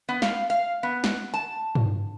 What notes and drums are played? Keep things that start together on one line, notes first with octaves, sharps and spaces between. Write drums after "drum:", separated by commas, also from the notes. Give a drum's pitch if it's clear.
B3
F5, drum: snare
F5
B3
drum: snare
A5
drum: tom